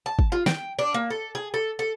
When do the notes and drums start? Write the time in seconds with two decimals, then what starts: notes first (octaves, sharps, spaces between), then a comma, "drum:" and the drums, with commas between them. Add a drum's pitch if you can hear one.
0.06 A5
0.19 drum: kick
0.32 F4
0.46 G5, drum: snare
0.79 D4
0.94 A#3
1.10 A4
1.35 G#4
1.54 A4
1.79 A4